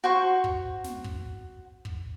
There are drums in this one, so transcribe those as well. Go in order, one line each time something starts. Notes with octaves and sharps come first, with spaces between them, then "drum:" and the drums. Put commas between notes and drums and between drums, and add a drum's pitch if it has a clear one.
F#4 C5 C#6
drum: kick
drum: snare
drum: kick
drum: kick